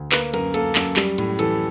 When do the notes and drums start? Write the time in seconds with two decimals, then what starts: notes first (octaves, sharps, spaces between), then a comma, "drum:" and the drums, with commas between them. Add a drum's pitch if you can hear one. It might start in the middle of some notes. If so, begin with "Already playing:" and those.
Already playing: D2
0.12 A#3 B4, drum: clap
0.34 F#2 A#4, drum: cymbal
0.54 A#3 A4, drum: cymbal
0.75 F#2, drum: clap
0.96 G3, drum: clap
1.18 A2, drum: cymbal
1.39 E3 A4, drum: cymbal